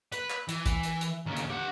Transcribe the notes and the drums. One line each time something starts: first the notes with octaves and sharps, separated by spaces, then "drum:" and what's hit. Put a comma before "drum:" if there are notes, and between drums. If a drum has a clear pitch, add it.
B4, drum: hi-hat
drum: clap
E3, drum: hi-hat
drum: kick, hi-hat
drum: hi-hat
drum: hi-hat
D#2 C#3
drum: hi-hat
G4 F#5